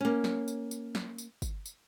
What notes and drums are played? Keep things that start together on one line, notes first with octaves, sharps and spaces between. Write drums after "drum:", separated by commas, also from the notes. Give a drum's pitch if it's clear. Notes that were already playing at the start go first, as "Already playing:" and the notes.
A#3 C#4
drum: snare
drum: tambourine
drum: tambourine
drum: snare
drum: tambourine
drum: kick, tambourine
drum: tambourine